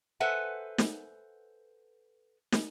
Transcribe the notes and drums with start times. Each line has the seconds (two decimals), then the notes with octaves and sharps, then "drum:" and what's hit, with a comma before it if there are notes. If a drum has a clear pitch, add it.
0.20 A4 B4 C5 E5 F#5 G#5
0.78 drum: snare
2.52 drum: snare